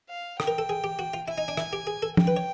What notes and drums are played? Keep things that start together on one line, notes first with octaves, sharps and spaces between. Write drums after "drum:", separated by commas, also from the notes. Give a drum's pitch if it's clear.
F5
G5, drum: rim click
A#4
A4
G#4
G4
F#4
F4
E4 G#5
D#4
D4
E4, drum: rim click
G4
G#4
A4
G5, drum: tom
B4
C#5